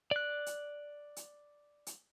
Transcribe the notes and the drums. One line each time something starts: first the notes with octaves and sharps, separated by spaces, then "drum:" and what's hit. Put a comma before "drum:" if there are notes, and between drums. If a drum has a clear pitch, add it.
D5 F#6
drum: hi-hat
drum: hi-hat
drum: hi-hat